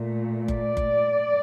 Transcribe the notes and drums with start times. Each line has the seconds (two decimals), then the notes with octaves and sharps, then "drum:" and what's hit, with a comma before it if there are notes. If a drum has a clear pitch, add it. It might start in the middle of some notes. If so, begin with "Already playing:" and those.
Already playing: A#2 A3
0.48 D5, drum: kick F#1
0.77 drum: kick F#1